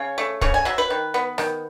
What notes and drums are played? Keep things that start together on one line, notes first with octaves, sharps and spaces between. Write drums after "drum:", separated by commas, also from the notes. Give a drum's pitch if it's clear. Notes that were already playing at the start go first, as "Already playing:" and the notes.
Already playing: C#3 C#5
A3
C#3 C#5, drum: kick
G#5
F#3 E5
B4
D#3
B3
D#3, drum: rim click